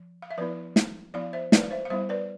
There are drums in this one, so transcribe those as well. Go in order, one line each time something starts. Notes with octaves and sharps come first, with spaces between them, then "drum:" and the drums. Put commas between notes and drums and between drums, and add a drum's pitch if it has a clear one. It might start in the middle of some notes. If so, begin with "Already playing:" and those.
Already playing: F3
F5
E5
F3 B3 E4 B4 D5
drum: snare
F3 B3 E4 D5 F5
C5 E5
B4 D5, drum: snare
F5
C5 E5
F5
G3 B3 E4 C5 E5
B4 D5